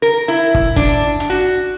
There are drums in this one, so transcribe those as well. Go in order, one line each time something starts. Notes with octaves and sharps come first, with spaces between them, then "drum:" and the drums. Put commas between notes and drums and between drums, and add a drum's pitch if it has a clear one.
A#4
E4
drum: kick
D4, drum: kick
drum: hi-hat
F#4